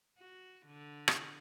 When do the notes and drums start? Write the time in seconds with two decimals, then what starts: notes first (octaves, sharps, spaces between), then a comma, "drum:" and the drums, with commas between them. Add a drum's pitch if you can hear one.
0.18 F#4
0.66 D3
1.08 drum: rim click